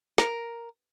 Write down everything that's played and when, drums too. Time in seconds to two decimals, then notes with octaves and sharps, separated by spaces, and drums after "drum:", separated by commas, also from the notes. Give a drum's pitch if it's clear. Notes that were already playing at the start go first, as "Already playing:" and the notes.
0.18 A#4, drum: snare